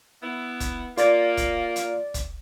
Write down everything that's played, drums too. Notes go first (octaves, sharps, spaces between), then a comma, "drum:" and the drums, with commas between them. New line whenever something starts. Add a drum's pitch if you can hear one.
B3 E4
drum: kick, hi-hat
A#3 F4 D5 A6, drum: hi-hat
drum: kick, hi-hat
drum: hi-hat
drum: kick, hi-hat